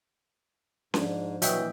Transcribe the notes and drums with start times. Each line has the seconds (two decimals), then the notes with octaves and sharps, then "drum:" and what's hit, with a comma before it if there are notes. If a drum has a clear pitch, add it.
0.94 G#2 F3 D4, drum: snare C#4
1.42 A#2 E3 F#3 D#5 E5 G5, drum: hi-hat